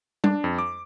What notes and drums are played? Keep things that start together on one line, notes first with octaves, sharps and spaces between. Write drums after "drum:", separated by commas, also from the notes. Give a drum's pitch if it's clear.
D4, drum: tom
F2
D6